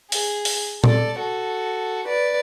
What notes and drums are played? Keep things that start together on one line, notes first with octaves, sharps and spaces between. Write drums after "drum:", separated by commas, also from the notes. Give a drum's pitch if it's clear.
G#4, drum: open hi-hat
drum: open hi-hat
A4 D5, drum: tom A#2
F#4 A4
B4 D5